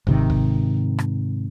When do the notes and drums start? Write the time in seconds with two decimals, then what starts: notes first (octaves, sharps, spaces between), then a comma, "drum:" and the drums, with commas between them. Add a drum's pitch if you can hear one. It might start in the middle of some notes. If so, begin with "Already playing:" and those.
0.07 G#2 C3 D#3, drum: kick
0.30 drum: kick
0.99 drum: rim click